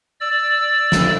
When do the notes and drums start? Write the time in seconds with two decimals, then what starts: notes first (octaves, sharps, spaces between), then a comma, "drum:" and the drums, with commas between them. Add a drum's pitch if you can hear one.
0.21 D5 E6
0.92 drum: snare